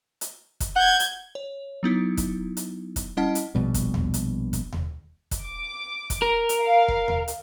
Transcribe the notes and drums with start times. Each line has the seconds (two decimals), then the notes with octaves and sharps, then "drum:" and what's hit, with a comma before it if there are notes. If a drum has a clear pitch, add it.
0.21 drum: hi-hat
0.60 drum: kick, hi-hat
0.76 F#5 G6 G#6
1.00 drum: hi-hat
1.35 C#5
1.83 F#3 B3 D#4 E4
2.17 drum: kick, hi-hat
2.57 drum: hi-hat
2.96 drum: kick, hi-hat
3.17 G3 C#4 E4 D#5 F#5 A5
3.35 drum: hi-hat
3.55 A#1 B2 G3
3.74 drum: kick, hi-hat
3.94 drum: tom D#2
4.14 drum: hi-hat
4.53 drum: kick, hi-hat
4.72 drum: tom D#2
5.31 drum: kick, hi-hat
5.44 D6
6.10 drum: kick, hi-hat
6.22 A#4
6.49 drum: hi-hat
6.64 F5
6.88 drum: kick
7.08 drum: tom D#2
7.28 drum: hi-hat